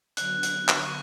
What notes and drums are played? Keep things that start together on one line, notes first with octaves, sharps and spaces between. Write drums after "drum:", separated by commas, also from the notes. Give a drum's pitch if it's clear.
D3 F#3 B3 F#6, drum: hi-hat
drum: hi-hat
drum: clap
C#6